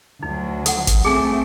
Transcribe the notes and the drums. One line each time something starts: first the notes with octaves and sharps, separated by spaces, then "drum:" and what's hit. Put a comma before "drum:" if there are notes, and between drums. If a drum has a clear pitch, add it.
D2 F#3 D#4
A4 F#5, drum: hi-hat
drum: kick G1, hi-hat
A3 C4 G#4 A4 G#5